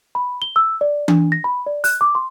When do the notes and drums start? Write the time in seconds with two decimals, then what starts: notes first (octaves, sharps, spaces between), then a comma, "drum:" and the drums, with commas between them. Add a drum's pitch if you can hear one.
0.15 B5
0.42 G7
0.56 E6
0.81 D5
1.08 D4, drum: tom E3
1.32 A#6
1.44 B5
1.66 D5
1.84 F#6, drum: open hi-hat
2.01 D6
2.15 C6